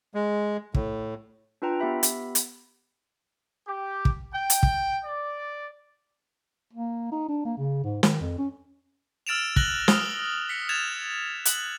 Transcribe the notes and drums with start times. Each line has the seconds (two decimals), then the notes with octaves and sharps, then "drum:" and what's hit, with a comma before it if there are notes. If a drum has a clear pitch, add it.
0.14 G#3
0.74 A2, drum: kick
1.62 D4 F4 B4 G5 A#5
1.80 B3 G4 E5 B5
2.03 drum: hi-hat
2.35 drum: hi-hat
3.67 G4
4.05 drum: kick
4.32 G5
4.50 drum: hi-hat
4.63 drum: kick
5.05 D5
6.73 A#3
7.12 D#4
7.29 D4
7.45 A#3
7.58 C#3
7.84 G#2
8.03 D#3, drum: snare
8.21 F2
8.38 C#4
9.27 E6 F6 A6 D7 E7 F7
9.56 F#6 A#6 F#7 G7, drum: kick
9.88 D#6 F6 G7, drum: snare
10.49 B6 C#7
10.69 F#6 G#6 A6 E7 F7
11.45 F#6 F#7, drum: hi-hat